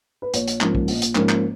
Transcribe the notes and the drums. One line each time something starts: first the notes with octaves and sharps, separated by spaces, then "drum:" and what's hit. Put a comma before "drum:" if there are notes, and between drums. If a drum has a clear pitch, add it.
B4
A#1 C#5, drum: hi-hat
drum: hi-hat
G#2 F3 A#3 C#4, drum: clap
drum: kick
A#1, drum: open hi-hat
drum: hi-hat
G#2 F3 A#3 C#4, drum: clap
drum: clap